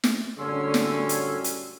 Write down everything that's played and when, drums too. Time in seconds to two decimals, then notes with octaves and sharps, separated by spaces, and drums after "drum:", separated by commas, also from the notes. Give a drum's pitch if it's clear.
0.04 drum: snare
0.39 F#2 A2 D3 G3 C#4 C6 E6
0.74 drum: snare
1.09 drum: hi-hat
1.44 drum: hi-hat